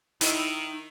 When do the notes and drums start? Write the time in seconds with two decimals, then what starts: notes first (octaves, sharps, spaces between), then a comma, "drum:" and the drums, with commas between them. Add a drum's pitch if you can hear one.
0.21 D#3 D#4 E4, drum: hi-hat